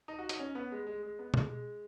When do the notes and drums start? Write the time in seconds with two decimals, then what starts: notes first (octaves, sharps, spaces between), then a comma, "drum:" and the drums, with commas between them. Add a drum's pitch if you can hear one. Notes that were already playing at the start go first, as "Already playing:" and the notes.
0.08 D#4
0.19 F#4
0.29 D#4, drum: hi-hat
0.39 C#4
0.55 B3
0.72 G#3
0.87 G#3
1.03 G#3
1.19 B3
1.34 G#3, drum: tom
1.50 G#3